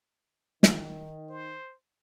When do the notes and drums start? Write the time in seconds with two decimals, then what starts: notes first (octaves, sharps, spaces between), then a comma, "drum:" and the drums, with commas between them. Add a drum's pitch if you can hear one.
0.63 D#3, drum: snare
1.30 C5